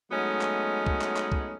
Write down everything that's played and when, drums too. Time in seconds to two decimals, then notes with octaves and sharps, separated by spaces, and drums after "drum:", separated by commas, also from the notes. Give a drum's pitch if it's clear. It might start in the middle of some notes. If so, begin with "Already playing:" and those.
0.11 F#3 G#3 A3 B3 C#4 D#4
0.41 drum: clap
0.86 drum: kick C2
1.02 drum: clap
1.17 drum: clap
1.32 drum: kick C2